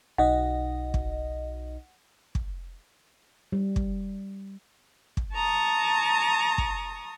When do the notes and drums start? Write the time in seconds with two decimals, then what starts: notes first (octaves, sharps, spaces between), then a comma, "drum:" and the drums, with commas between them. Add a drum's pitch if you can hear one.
0.18 B1 D#4 D#5 F#5
0.94 drum: kick
2.35 drum: kick
3.52 G3
3.76 drum: kick
5.17 drum: kick
5.33 A5 A#5 C#6 D#6
6.58 drum: kick